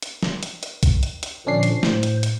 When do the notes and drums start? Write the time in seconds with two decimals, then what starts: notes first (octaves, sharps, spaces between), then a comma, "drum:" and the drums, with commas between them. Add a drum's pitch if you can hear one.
0.02 drum: hi-hat
0.23 drum: snare
0.43 drum: hi-hat
0.63 drum: hi-hat
0.83 drum: kick A#1, hi-hat
1.03 drum: hi-hat
1.23 drum: hi-hat
1.47 A#2 D3 F3 C#4 D4 C7
1.63 drum: hi-hat
1.83 A2 C5, drum: snare
2.03 drum: hi-hat
2.23 drum: hi-hat